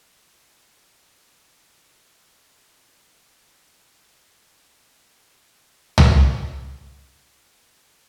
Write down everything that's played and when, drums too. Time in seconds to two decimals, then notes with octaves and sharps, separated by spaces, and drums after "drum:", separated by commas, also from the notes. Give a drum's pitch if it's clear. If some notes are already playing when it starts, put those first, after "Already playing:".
0.25 F6 B6
1.98 G3 A3 C4
2.53 D#3 C7
3.21 C2 D#6
4.65 E3 A#3 G#4 B4
5.98 drum: tom
6.38 B4 F5 G#5